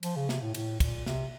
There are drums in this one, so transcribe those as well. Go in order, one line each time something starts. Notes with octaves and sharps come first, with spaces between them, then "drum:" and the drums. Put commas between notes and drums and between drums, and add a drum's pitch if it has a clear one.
F3, drum: cymbal
C#3
C3, drum: snare
A2
A2, drum: cymbal
A#2, drum: kick, cymbal
C3, drum: snare